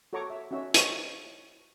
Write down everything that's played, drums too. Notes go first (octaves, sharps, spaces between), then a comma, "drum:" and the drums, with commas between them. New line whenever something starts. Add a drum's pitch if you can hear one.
F#4 A4 C#5 A#5 C#6 D6
E5
C#4 D#4 F#4 E5
E4 C5 C#5 D#5 F5 C#6, drum: hi-hat